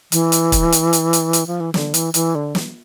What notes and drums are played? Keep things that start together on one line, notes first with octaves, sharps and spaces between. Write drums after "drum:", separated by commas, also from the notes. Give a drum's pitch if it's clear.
E3, drum: hi-hat
drum: hi-hat
drum: kick, hi-hat
drum: hi-hat
drum: hi-hat
drum: hi-hat
drum: hi-hat
F3
E3
D3, drum: snare
E3, drum: hi-hat
E3, drum: hi-hat
D3
drum: snare